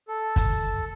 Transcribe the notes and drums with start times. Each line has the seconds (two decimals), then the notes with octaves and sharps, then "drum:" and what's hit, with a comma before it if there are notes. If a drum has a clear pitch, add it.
0.08 A4
0.36 drum: kick, hi-hat